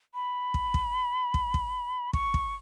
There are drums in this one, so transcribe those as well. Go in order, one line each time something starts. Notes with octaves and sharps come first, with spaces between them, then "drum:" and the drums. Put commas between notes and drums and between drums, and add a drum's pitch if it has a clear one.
B5
drum: kick
drum: kick
drum: kick
drum: kick
C#6, drum: kick
drum: kick